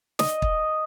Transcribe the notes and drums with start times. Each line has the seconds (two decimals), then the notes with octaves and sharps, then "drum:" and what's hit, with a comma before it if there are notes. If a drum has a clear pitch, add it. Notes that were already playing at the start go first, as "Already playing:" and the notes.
0.19 D#5, drum: snare
0.42 drum: kick